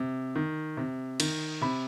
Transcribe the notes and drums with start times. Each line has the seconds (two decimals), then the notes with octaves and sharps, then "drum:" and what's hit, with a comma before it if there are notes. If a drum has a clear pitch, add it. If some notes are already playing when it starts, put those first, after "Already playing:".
Already playing: C3
0.36 D#3
0.77 C3
1.20 D#3, drum: cymbal
1.61 C3 B5